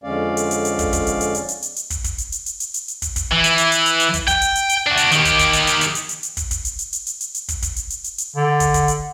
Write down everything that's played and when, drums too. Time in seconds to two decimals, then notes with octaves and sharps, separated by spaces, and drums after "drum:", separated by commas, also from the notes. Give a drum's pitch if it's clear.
0.04 F2 D3 G#3 C#4 D5 F5
0.37 drum: hi-hat
0.51 drum: hi-hat
0.65 drum: hi-hat
0.79 drum: kick, hi-hat
0.93 drum: kick, hi-hat
1.07 drum: hi-hat
1.21 drum: hi-hat
1.35 drum: hi-hat
1.48 drum: hi-hat
1.62 drum: hi-hat
1.76 drum: hi-hat
1.90 drum: kick, hi-hat
2.04 drum: kick, hi-hat
2.18 drum: hi-hat
2.32 drum: hi-hat
2.46 drum: hi-hat
2.60 drum: hi-hat
2.74 drum: hi-hat
2.88 drum: hi-hat
3.02 drum: kick, hi-hat
3.16 drum: kick, hi-hat
3.32 E3
3.44 drum: hi-hat
3.58 drum: hi-hat
3.72 drum: hi-hat
3.86 drum: hi-hat
4.00 drum: hi-hat
4.14 drum: kick, hi-hat
4.28 G5, drum: kick, hi-hat
4.41 drum: hi-hat
4.55 drum: hi-hat
4.69 drum: hi-hat
4.87 D4 F#4
4.97 drum: hi-hat
5.11 D#3 G4, drum: hi-hat
5.25 drum: kick, hi-hat
5.39 drum: kick, hi-hat
5.53 drum: hi-hat
5.67 drum: hi-hat
5.81 drum: hi-hat
5.95 drum: hi-hat
6.09 drum: hi-hat
6.23 drum: hi-hat
6.37 drum: kick, hi-hat
6.51 drum: kick, hi-hat
6.65 drum: hi-hat
6.79 drum: hi-hat
6.93 drum: hi-hat
7.07 drum: hi-hat
7.21 drum: hi-hat
7.34 drum: hi-hat
7.48 drum: kick, hi-hat
7.62 drum: kick, hi-hat
7.76 drum: hi-hat
7.90 drum: hi-hat
8.04 drum: hi-hat
8.18 drum: hi-hat
8.36 D3
8.60 drum: kick, hi-hat
8.74 drum: kick, hi-hat
8.88 drum: hi-hat